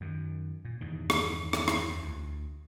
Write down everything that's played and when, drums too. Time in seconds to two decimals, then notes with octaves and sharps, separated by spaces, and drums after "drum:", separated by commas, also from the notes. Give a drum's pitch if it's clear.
0.01 F#2 D#3
0.65 A#2
0.81 E2 G2 D#3
1.10 drum: rim click
1.53 drum: rim click
1.68 drum: rim click
2.02 D2